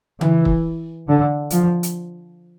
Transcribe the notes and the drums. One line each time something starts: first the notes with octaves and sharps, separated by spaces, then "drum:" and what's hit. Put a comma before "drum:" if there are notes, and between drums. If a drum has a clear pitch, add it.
E3, drum: tom C#3
drum: kick
D3
F3, drum: hi-hat
drum: hi-hat